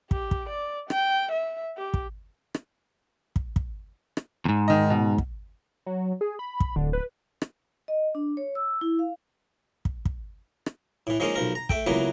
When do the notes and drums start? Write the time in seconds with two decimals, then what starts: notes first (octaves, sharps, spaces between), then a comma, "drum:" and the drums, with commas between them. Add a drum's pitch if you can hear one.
0.11 G4, drum: kick
0.31 drum: kick
0.50 D5
0.90 G5, drum: rim click
1.32 E5
1.77 G4
1.94 drum: kick
2.54 drum: rim click
3.36 drum: kick
3.56 drum: kick
4.17 drum: rim click
4.45 E2 G#2
4.68 D#3 D#5
4.90 B2
5.18 drum: kick
5.86 F#3
6.21 G#4
6.39 B5
6.60 drum: kick
6.76 D1 D3
6.93 B4
7.42 drum: rim click
7.88 D#5
8.15 D4
8.37 C#5
8.55 E6
8.81 E4
8.99 F5
9.85 drum: kick
10.05 drum: kick
10.66 drum: rim click
11.07 A2 E3
11.20 F3 G#3 A#3 C#4 D#4
11.35 B1 F3 A#4
11.55 A#5
11.69 A3 A4 G5, drum: kick
11.86 C#2 E3 F#3 A#3 B3